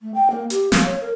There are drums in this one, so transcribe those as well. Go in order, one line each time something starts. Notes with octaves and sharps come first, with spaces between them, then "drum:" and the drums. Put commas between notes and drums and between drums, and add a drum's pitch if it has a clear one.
A3
G5
A#3
G4, drum: hi-hat
F5, drum: snare
C#5
A#4